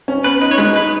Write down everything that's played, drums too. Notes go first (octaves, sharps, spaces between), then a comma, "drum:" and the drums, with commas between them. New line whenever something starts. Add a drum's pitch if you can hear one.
C#4
B3 B4
D#4 B4
C#5
G#3 B4, drum: snare
D#4 B4, drum: hi-hat